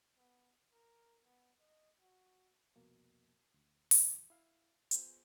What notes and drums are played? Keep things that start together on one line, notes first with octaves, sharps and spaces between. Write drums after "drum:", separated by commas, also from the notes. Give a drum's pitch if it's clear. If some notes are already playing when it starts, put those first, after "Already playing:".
B3
A#4
B3
D#5
F#4
C2 F2 B2 A#3
D2
C#2 F#2 E3, drum: open hi-hat
E4 F5
B3 F4 G#4 C5, drum: hi-hat